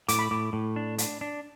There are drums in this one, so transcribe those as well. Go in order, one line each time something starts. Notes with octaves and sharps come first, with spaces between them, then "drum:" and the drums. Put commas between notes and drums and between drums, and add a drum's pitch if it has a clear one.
A2 D6, drum: hi-hat
B5
A2 D6
A2
D4
D4, drum: hi-hat
D4